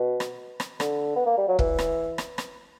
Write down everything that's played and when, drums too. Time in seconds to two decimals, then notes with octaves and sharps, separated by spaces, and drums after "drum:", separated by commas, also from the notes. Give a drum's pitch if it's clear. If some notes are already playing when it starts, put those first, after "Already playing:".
Already playing: B2
0.20 drum: rim click
0.60 drum: rim click
0.80 D3, drum: rim click
1.16 B3
1.26 A#3
1.37 G3
1.48 F#3
1.59 E3, drum: kick
1.79 drum: rim click
2.18 drum: rim click
2.38 drum: rim click